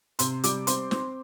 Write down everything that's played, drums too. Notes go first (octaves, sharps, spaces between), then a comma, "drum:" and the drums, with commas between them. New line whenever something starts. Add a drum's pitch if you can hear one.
C3 C6, drum: hi-hat
G3 D6, drum: hi-hat
C4 C6, drum: hi-hat
C4, drum: snare